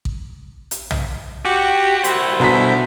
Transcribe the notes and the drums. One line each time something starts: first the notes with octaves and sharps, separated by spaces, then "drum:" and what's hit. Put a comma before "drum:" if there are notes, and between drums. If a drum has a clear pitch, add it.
drum: kick A1
drum: hi-hat
drum: tom B1
F#4 G4
E4 C5, drum: hi-hat
B2 D3 A#5 B6